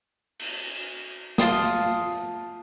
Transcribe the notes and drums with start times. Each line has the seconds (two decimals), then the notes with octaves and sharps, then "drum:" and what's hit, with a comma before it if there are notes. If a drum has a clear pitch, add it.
0.39 drum: cymbal
1.38 F4 A5 C6 D#6, drum: snare